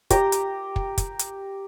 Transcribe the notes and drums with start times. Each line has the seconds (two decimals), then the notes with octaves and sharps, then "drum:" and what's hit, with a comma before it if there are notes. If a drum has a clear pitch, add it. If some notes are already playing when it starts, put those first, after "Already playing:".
0.10 G4 A#5, drum: kick, hi-hat
0.32 drum: hi-hat
0.76 drum: kick
0.98 drum: kick, hi-hat
1.19 drum: hi-hat